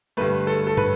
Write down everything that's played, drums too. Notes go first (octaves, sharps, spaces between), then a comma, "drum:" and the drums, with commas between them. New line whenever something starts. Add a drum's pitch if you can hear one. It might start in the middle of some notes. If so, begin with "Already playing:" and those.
G2 D3 A3 B4
A4
A4
B4, drum: tom